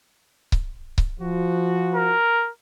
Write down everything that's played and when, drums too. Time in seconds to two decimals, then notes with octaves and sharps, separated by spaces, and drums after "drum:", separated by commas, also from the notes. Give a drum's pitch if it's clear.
0.52 drum: kick C#1
0.98 drum: kick C#1
1.20 F3 F#4
1.95 A#4